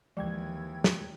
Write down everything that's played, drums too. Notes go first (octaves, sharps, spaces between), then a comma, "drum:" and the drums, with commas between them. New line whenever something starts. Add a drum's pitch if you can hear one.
D#2 E3 F3 G#3 G5 G#6
drum: snare